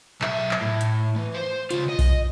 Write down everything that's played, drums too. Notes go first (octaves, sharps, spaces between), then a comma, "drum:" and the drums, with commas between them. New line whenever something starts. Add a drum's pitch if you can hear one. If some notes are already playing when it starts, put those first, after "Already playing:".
B1 E5, drum: clap
drum: clap
A2
drum: hi-hat
E3
C5
C#3 F4, drum: hi-hat
D#5
drum: kick B1, open hi-hat